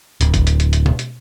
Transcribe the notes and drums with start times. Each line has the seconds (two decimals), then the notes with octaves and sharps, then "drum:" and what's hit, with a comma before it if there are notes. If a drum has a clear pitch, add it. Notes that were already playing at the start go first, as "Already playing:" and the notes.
0.21 D1, drum: hi-hat
0.34 drum: kick F#1, hi-hat
0.47 drum: hi-hat
0.60 drum: hi-hat
0.73 drum: hi-hat
0.86 drum: tom B2
0.99 drum: hi-hat